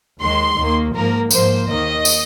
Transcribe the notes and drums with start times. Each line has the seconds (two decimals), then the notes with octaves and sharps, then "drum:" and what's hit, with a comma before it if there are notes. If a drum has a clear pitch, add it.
0.20 D#2 D#3 G#3 C6
0.57 D#2 D#3 A#3
0.94 G#2 F3 A#3 A#4
1.31 G#2 F3 A#3 C5, drum: tambourine
1.68 D#2 D#3 A#3 D#5
2.05 drum: tambourine